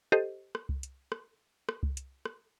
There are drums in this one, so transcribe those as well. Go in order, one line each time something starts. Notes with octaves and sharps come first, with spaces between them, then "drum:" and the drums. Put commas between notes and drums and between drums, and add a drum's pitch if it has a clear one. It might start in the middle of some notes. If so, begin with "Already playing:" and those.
G4 A4 C5 D#5
drum: rim click
drum: kick C2
drum: hi-hat
drum: rim click
drum: rim click
drum: kick C2
drum: hi-hat
drum: rim click